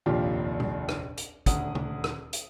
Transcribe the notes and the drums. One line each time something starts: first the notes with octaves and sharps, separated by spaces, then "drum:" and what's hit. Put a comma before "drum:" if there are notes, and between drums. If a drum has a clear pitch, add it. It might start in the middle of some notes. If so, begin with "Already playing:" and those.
F1 A#1 D#2 F4 G4
drum: tom A#2
drum: rim click
drum: hi-hat
D#1 D2 F#5 D#6, drum: kick, hi-hat
drum: tom
drum: rim click
drum: hi-hat